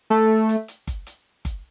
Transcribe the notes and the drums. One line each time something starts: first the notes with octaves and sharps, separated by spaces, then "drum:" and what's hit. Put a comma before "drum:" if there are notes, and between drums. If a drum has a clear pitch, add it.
A3
drum: hi-hat
drum: hi-hat
drum: kick G1, hi-hat
drum: hi-hat
drum: kick G1, hi-hat